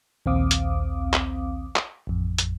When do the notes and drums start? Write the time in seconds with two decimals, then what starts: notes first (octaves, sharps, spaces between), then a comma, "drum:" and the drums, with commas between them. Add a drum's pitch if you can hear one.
0.26 A#1 D#2 C4 F5 D6 D#6
0.51 drum: hi-hat
1.13 drum: clap
1.76 drum: clap
2.07 A1 F2
2.38 drum: hi-hat